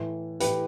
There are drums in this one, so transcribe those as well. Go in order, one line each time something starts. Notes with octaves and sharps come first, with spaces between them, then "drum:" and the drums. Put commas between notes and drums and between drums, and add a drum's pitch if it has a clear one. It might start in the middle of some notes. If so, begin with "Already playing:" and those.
Already playing: A2 E3
A2 E3 G4 B4, drum: hi-hat